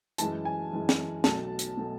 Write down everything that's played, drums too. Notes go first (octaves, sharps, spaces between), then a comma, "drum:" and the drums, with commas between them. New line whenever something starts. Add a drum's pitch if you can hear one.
F#2 E3 G#3 A5, drum: hi-hat
G#5
F#2 E3 G#3
drum: snare
B1 B2 F#3 A3 A5, drum: snare
drum: hi-hat
B2 F#3 A3